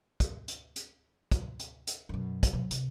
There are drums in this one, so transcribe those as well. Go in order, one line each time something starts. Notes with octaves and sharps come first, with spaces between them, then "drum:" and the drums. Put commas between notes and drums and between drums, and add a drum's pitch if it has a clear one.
drum: kick, hi-hat
drum: hi-hat
drum: hi-hat
drum: kick, hi-hat
drum: hi-hat
drum: hi-hat
F#2 B2
drum: kick, hi-hat
B2 F#3
C3, drum: hi-hat